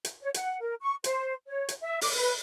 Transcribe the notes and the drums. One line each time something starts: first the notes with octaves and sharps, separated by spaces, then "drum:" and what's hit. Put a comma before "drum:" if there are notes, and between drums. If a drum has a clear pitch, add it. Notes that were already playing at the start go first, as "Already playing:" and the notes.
drum: hi-hat
C#5
F#5, drum: hi-hat
A#4
C#6
C5, drum: hi-hat
C#5
drum: hi-hat
E5
D6, drum: open hi-hat
B4